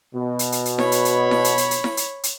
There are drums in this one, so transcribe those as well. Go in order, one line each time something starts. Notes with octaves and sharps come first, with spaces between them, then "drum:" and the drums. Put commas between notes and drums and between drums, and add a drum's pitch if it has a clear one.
B2
drum: hi-hat
drum: hi-hat
drum: hi-hat
C#5 B5, drum: snare E4
drum: hi-hat
drum: hi-hat
drum: snare E4
drum: hi-hat
drum: hi-hat
drum: hi-hat
drum: snare E4
drum: hi-hat
drum: hi-hat